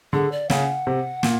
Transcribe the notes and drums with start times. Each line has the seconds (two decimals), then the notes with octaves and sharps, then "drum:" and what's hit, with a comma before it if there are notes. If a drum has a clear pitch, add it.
0.13 D3 G#4
0.32 D5
0.50 C#3 F#5, drum: snare
0.87 C3
1.23 A#2, drum: snare